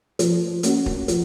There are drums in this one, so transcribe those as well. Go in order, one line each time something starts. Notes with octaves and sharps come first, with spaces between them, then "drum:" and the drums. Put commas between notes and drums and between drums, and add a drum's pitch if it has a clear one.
F3, drum: hi-hat
A#3 C#4 F#4, drum: hi-hat
drum: kick
F3, drum: hi-hat